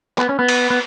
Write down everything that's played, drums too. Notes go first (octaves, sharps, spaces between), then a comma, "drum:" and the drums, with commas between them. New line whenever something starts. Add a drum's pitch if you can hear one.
B3, drum: clap
C#4
B3
drum: cymbal
B3